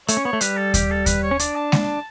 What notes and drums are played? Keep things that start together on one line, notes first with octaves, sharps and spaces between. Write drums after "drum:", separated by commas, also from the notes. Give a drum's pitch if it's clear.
A3 C#5, drum: hi-hat
C#4
B3 C#5
A3
G3 B4, drum: hi-hat
A4
G4, drum: kick D#2, hi-hat
A4
B4, drum: kick D#2, hi-hat
C#5
C#4
D4 D5, drum: hi-hat
A5
drum: snare G#3